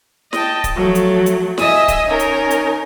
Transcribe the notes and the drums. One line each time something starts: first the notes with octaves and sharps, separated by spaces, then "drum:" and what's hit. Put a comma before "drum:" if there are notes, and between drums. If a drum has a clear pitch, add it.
D#5 G5 A5, drum: snare
drum: kick C#1, hi-hat
F3 F#3 A3
drum: hi-hat
drum: hi-hat
D#5 E5 G#5 D#6 E6, drum: snare
drum: kick C#1, hi-hat
C#4 D#4 A#4
drum: hi-hat
drum: hi-hat